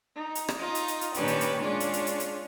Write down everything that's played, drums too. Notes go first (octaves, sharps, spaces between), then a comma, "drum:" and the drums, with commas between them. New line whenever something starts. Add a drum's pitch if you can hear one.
D#4
drum: hi-hat
drum: rim click
D#4 F4 D#5
drum: hi-hat
drum: hi-hat
drum: hi-hat
A#2 D#3 C#4 D4 G4 B4, drum: hi-hat
drum: hi-hat
drum: hi-hat
G#3 C#4 D4 F4 G#4
drum: hi-hat
drum: hi-hat
drum: hi-hat
drum: hi-hat